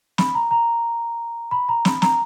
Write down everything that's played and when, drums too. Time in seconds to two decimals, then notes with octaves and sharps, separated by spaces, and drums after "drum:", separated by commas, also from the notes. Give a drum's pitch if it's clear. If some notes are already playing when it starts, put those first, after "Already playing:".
0.18 B5, drum: snare
0.35 A#5
0.51 A#5
1.51 B5
1.69 A#5
1.85 B5, drum: snare
2.02 A#5, drum: snare